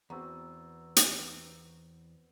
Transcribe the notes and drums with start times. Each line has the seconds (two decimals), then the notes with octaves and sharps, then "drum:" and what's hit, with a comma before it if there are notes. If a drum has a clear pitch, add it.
0.10 E2 B3 C4 F#4 A#5 C#6 E6
0.96 drum: hi-hat